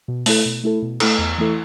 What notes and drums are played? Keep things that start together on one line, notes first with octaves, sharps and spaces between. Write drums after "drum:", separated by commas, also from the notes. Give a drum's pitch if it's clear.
B2
A3 E4 A4, drum: open hi-hat
B2
A3 E4 A4
B2
A3 E4 A4, drum: cymbal
E2
E3 A3 E4 A4